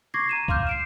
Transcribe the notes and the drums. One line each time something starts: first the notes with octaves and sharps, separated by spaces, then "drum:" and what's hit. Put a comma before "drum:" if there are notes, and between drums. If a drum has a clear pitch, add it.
C#6 D6 G#6 A#6 C7
A#5 D#7 E7
F5 C6 D6 F6 G6, drum: kick B1
C7 D7 E7